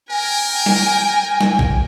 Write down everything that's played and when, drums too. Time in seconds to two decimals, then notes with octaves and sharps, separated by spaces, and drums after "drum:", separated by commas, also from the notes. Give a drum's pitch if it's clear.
0.11 A#4 G5 G#5
0.66 drum: snare
1.41 drum: snare
1.59 drum: kick